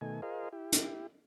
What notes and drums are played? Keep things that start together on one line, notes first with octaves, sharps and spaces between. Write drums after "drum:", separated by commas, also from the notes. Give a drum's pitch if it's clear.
B2 D#3 A3 G#5
F4 G#4 A#4 C5 D#5 F5
E4 G4
drum: hi-hat